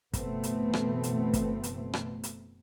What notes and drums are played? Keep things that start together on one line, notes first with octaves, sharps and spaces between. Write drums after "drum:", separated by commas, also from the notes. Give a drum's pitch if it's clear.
F#1 B2 E3 A3 B3 C4, drum: kick, hi-hat
drum: hi-hat
drum: rim click
drum: hi-hat
drum: kick, hi-hat
drum: hi-hat
drum: rim click
drum: hi-hat